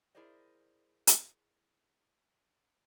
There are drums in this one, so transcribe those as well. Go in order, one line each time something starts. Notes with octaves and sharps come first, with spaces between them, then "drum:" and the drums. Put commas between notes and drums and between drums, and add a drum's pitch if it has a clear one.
E4 G#4 A#4 C5 D5 D#5
drum: hi-hat